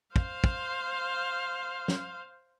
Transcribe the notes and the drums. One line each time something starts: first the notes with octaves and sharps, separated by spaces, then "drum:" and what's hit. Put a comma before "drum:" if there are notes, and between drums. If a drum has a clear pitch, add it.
C5 F5, drum: kick
drum: kick
drum: snare